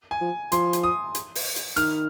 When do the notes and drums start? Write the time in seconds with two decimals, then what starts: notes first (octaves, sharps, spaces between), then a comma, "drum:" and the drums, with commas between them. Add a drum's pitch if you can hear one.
0.11 G#5
0.21 F3
0.52 F3 C6, drum: hi-hat
0.73 drum: hi-hat
0.83 D#6
1.15 drum: hi-hat
1.35 drum: open hi-hat
1.56 drum: hi-hat
1.76 D#3 F6, drum: hi-hat